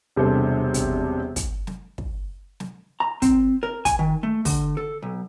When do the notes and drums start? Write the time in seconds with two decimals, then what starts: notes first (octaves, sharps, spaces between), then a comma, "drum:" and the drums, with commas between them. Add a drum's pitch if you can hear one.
0.16 E1 C3 G3 D4 A4 C5
0.74 drum: kick, hi-hat
1.36 drum: kick, hi-hat
1.67 drum: snare
1.98 drum: kick
2.60 drum: snare
3.00 A#5
3.22 C4, drum: kick, hi-hat
3.63 A#4
3.85 G#5, drum: kick, hi-hat
3.99 D#3
4.23 A3
4.45 D3, drum: kick, open hi-hat
4.77 A4
5.02 B1